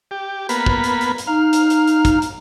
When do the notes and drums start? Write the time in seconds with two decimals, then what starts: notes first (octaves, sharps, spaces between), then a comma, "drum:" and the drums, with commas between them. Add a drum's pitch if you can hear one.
0.11 G4
0.49 A#3 B3 B5, drum: hi-hat
0.66 drum: kick
0.84 drum: hi-hat
1.01 drum: hi-hat
1.18 drum: hi-hat
1.27 D#4 F5
1.53 drum: hi-hat
1.70 drum: hi-hat
1.87 drum: hi-hat
2.05 drum: kick, hi-hat
2.22 drum: hi-hat